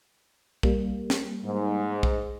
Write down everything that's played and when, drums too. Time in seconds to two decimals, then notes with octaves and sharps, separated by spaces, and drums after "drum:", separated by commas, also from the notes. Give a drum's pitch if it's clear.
0.63 G3 A#3, drum: kick
1.10 drum: snare
1.44 G#2
2.03 drum: kick